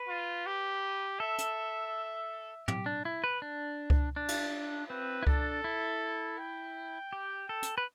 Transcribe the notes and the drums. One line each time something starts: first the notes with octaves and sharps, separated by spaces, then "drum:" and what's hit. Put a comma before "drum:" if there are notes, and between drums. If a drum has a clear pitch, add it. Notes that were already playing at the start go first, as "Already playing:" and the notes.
Already playing: B4
F4
G4
A4 E5
drum: hi-hat
G4, drum: tom
D4
E4
B4
D4
drum: kick C#2
D4
drum: cymbal
C4 B4
E4
D4 A4, drum: kick C#2
E4
G5
G4
A4
drum: hi-hat
B4